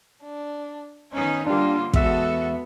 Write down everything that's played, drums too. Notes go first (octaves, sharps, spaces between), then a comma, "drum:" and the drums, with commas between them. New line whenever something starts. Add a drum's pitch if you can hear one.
D4
D#3 B3 C#4 D#4
D3 G3 A#3 D4 F4 G4
E2 G#3 B3 F#4 A4 E5, drum: kick